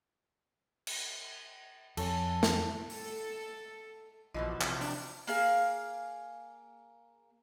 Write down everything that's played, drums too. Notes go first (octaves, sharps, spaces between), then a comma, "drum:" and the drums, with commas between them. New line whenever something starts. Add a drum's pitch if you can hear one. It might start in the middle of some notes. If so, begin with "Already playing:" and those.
drum: cymbal
F2 A4 C#5 G#5, drum: cymbal
drum: snare
A4, drum: open hi-hat
A#1 B2 E3 F3 D#5
C3, drum: clap
D4, drum: open hi-hat
A#3 G#4 F5, drum: open hi-hat